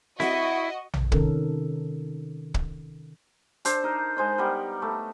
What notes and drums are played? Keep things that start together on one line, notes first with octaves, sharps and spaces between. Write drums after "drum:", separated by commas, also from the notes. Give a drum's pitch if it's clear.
E4 F#4 D#5, drum: snare C4
drum: tom A#1
C3 D#3 C#4 A4 A#4, drum: kick
drum: kick
D4 A4 C5, drum: hi-hat
D#4 A#4
G#3 C5 D#5
G3 B3 A#4
A3